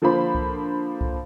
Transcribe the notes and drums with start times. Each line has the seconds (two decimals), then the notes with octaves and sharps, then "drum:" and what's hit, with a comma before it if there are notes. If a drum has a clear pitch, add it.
0.02 D3 F3 A#3 C5 B5
0.35 drum: kick C2
1.01 drum: kick C2